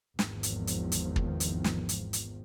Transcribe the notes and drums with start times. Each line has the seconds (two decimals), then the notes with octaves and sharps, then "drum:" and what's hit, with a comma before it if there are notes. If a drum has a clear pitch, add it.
0.19 G#1 E2 D#3 F3, drum: snare
0.43 drum: hi-hat
0.67 drum: hi-hat
0.92 drum: hi-hat
1.16 drum: kick
1.40 drum: hi-hat
1.64 drum: snare
1.89 drum: hi-hat
2.13 drum: hi-hat